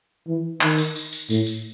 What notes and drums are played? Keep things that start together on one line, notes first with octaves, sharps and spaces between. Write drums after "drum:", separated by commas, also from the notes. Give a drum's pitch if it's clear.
E3
D#3, drum: clap
drum: tambourine
drum: tambourine
drum: tambourine
A2, drum: tambourine
drum: tambourine